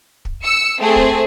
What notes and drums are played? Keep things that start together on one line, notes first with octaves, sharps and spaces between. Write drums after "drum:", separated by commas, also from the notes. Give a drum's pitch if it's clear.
drum: kick
E6 C#7
A3 C4 G#4
drum: kick